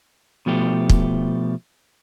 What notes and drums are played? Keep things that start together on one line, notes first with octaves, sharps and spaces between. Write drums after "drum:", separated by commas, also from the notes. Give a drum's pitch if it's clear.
B2 F3 A3 G4
drum: kick